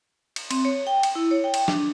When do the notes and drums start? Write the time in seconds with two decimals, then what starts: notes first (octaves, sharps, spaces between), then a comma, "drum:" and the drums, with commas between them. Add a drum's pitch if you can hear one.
0.36 drum: cymbal
0.51 C4, drum: cymbal
0.65 C#5
0.87 G5
1.03 drum: cymbal
1.15 E4
1.31 C#5
1.44 G5
1.54 drum: cymbal
1.68 D4, drum: snare